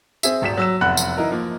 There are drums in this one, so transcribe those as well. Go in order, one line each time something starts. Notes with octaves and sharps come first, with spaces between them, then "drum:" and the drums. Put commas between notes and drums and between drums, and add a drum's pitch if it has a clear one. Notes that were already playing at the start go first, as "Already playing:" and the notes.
C4 G#4 E5, drum: tambourine
D#1 G#1 B6 E7
F#3 E6 E7
F1 E2 F#5 B5 F#6
drum: tambourine
E3 D#4 A#4
F3 A#3